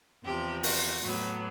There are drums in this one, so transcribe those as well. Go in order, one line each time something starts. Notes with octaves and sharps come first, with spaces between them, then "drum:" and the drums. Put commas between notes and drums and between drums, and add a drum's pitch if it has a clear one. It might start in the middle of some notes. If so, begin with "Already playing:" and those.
E2 C3 F3 G4
F#4, drum: open hi-hat
A2 F#3 B3